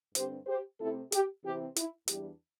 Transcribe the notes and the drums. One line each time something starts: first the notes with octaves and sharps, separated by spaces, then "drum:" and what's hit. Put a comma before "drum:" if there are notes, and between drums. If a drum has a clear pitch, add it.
G2 D3 C4 G4 C5, drum: hi-hat
G4 C5
C3 A3 C4 E4 A4
G4, drum: hi-hat
C3 E3 C4 G4
E4, drum: hi-hat
E2 E3 G3 D4 G4, drum: hi-hat